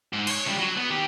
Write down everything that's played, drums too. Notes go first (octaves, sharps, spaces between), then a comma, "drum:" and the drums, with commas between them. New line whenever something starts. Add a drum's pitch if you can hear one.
G#2
C5 C#5, drum: cymbal
C#2 G3
F#3
B3
D#3 G4